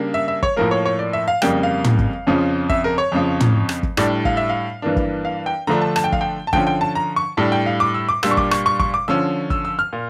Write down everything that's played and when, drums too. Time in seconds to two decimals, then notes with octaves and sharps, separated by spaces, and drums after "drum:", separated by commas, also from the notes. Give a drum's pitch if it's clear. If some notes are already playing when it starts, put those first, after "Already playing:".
Already playing: C#3 G3 A#3 D4
0.14 E5
0.28 E5
0.43 C#5, drum: kick
0.56 A2 F3 A#3 A#4
0.71 C#5
0.85 C#5
0.99 D5
1.13 E5
1.28 F5
1.42 F2 C#3 G3 A#3 G5, drum: rim click
1.63 F5
1.84 drum: tom
1.99 drum: kick
2.27 F2 C#3 F3 C#4
2.70 E5, drum: kick
2.84 A#4
2.98 C#5
3.12 F2 C#3 F3
3.40 drum: tom
3.69 drum: rim click
3.83 drum: kick
3.97 A2 G3 D4 D5, drum: rim click
4.25 F5, drum: kick
4.37 E5
4.49 F5
4.82 G2 E3 A#3 D4
4.96 drum: kick
5.25 F5
5.46 G5
5.67 D3 F3 A3 D4 A#5
5.81 A5
5.96 A5, drum: rim click
6.04 G5
6.12 F5, drum: kick
6.21 G5
6.47 A5
6.53 D3 F3 C#4 G5, drum: kick
6.67 G5
6.81 A5
6.95 A#5
7.16 C#6
7.37 A2 G3 D4 A5
7.52 G5
7.66 F5
7.80 D6
7.95 E6
8.09 D6
8.23 A#2 G3 D4 E6, drum: rim click
8.31 C#6
8.37 D6, drum: kick
8.51 C#6, drum: rim click
8.66 C#6
8.80 C#6, drum: kick
8.94 D6
9.08 D3 F3 C#4 E6
9.50 E6, drum: kick
9.65 E6
9.79 F6
9.93 A#2